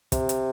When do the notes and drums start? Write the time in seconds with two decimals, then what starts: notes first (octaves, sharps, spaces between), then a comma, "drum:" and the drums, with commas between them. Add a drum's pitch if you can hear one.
0.12 C3, drum: kick, hi-hat
0.29 drum: hi-hat